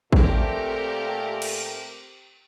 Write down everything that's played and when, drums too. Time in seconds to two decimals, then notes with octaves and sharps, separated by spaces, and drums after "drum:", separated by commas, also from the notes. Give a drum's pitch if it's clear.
0.13 A#2 A3 C4 G4 A#4, drum: kick A1
1.42 drum: cymbal